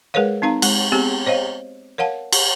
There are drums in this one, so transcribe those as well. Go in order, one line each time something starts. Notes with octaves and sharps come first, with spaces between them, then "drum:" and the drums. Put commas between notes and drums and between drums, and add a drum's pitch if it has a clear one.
G#3 G#4 A#4 B4 C#5 F5
C4 D#4 F5 A#5
G#3, drum: cymbal
B3 C4 G4 G#4
C5 C#5 D#5 F5
A#4 C#5 F5 F#5 A5
drum: cymbal